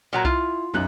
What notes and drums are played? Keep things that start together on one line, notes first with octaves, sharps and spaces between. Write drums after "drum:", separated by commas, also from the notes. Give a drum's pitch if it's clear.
A#2 F#3 A#5
E4 F4, drum: kick C2
B1 F#2 F#6